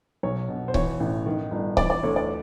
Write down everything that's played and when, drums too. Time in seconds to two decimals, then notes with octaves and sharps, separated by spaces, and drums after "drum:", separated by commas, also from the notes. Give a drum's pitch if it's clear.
0.23 B1 C#5
0.49 B2
0.68 C5
0.74 E3 C#5, drum: kick C#1
1.00 A1
1.26 D#3
1.51 G1
1.77 E3 D5, drum: kick C#1
1.90 D5
2.03 D2 C#5
2.16 D5